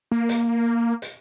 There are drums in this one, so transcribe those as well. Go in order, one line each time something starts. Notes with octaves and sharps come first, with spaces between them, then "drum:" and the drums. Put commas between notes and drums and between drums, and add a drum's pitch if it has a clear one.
A#3
drum: hi-hat
drum: hi-hat